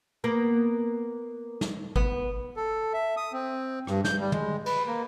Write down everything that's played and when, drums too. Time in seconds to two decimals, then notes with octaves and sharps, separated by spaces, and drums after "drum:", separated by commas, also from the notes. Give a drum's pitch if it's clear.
0.24 A#3 B3 A#4
1.61 drum: snare
1.96 B3, drum: kick
2.56 A4
2.94 E5
3.17 D#6
3.33 C4
3.87 G2, drum: rim click
4.05 G6, drum: snare
4.20 G3
4.32 G#3, drum: tom
4.66 B4, drum: cymbal
4.87 A#3